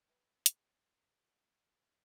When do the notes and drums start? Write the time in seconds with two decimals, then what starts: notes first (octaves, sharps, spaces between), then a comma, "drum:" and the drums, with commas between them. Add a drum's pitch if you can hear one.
0.09 B4 E5 G5 B5 G#6 A#6
0.46 drum: hi-hat